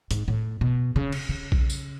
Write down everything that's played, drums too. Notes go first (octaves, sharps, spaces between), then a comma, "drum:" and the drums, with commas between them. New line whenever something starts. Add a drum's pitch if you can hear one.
G#2, drum: hi-hat
A2
B2
C#3
drum: cymbal
C#3
drum: kick A#1
drum: tambourine